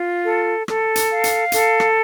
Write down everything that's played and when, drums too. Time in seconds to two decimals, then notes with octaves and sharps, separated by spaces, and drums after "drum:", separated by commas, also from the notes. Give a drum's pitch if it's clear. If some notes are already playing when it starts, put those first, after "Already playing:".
Already playing: F4
0.25 A4
0.68 A4, drum: rim click
0.96 drum: hi-hat
1.10 F5
1.24 drum: hi-hat
1.52 A4, drum: hi-hat
1.80 drum: rim click